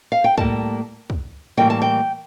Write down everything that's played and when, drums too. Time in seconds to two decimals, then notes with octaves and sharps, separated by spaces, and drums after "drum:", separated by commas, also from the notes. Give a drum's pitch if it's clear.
0.12 F5
0.24 G5
0.38 A2 G3 A#3 A5, drum: kick
1.10 drum: kick
1.57 A2 E3 G3 A#3 G5
1.70 A5
1.82 G5